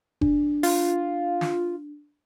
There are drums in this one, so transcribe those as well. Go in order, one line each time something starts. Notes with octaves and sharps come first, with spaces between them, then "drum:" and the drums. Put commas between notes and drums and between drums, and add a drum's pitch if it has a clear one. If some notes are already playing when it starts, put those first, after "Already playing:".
D4, drum: kick F#1
F4, drum: open hi-hat
drum: snare